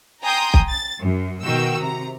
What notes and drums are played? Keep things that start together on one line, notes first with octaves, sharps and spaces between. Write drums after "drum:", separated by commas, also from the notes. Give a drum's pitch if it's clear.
G5 G#5 A#5 C6 D#6 G6
drum: kick B1
A6
F#2
B2 D#3 F#4 G5 E6
C3 A#5